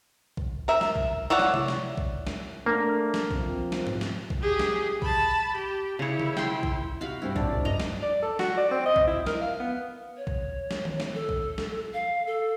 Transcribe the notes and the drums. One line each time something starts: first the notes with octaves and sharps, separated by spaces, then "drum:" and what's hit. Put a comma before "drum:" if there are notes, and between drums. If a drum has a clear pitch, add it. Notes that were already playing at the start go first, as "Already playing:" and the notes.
drum: kick A#1
A#4 E5
drum: snare
drum: kick A#1
E4 C#5 D5 F#5
drum: snare
drum: tom C3
drum: snare
drum: kick A#1
drum: snare
A3 A#3 D4
drum: snare
F3 C4, drum: kick A#1
drum: snare
drum: tom G#2
drum: snare
drum: kick A#1
G4 G#4
drum: snare
A5 B5, drum: kick A#1
G4
C#3 E4 C#5
drum: tom C#3
G5 C6, drum: snare
drum: kick A#1
C3 F#4 F5 B5
G2 C4 E4 G5
A2 D4, drum: kick A#1
C#2
G2 D#5 A#5
drum: snare
D5
A4
F#4, drum: snare
D5
C4
D#5
drum: kick A#1
E4
A#4, drum: snare
F5
B3
C#5
drum: kick A#1
drum: snare
drum: tom D#3
drum: snare
A4
drum: kick A#1
drum: snare
F5
A4